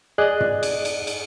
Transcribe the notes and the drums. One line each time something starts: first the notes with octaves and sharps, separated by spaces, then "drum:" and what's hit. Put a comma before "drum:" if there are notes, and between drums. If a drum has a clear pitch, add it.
G#4 D5 D#5 F#6
drum: tom
drum: cymbal
drum: cymbal
drum: cymbal